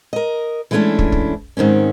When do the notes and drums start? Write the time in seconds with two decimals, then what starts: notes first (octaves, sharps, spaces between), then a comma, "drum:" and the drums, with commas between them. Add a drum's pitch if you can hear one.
0.13 A#4 D#5
0.71 E3 G#3 A3 C#4 D4 E4
0.99 drum: kick
1.12 drum: kick
1.57 G#2 D#3 C4 C#4